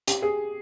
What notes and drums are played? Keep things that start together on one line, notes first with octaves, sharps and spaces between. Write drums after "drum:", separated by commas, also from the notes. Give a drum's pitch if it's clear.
G4, drum: hi-hat
G#4